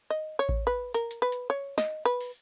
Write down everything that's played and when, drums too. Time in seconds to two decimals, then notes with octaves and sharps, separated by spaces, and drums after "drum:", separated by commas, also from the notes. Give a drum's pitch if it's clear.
0.10 D#5
0.39 C#5
0.49 drum: kick A1
0.67 B4
0.94 A#4, drum: hi-hat
1.11 drum: hi-hat
1.22 B4
1.32 drum: hi-hat
1.50 C#5
1.78 D#5, drum: snare
2.05 B4
2.21 drum: open hi-hat